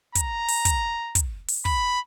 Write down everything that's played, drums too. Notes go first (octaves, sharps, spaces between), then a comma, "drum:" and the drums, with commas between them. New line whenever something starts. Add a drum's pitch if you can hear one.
A#5, drum: kick, hi-hat
drum: open hi-hat
drum: kick, hi-hat
drum: kick, hi-hat
drum: open hi-hat
B5, drum: kick